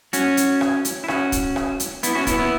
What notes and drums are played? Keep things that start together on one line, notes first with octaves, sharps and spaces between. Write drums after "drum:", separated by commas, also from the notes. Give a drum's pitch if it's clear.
C#4 F#4, drum: hi-hat
drum: hi-hat
drum: rim click
drum: hi-hat
E4
C#4 F#4, drum: rim click
drum: kick, hi-hat
drum: rim click
drum: hi-hat
B3 E4, drum: hi-hat
C#4 F#4
B3 E4, drum: kick, hi-hat
B3 E4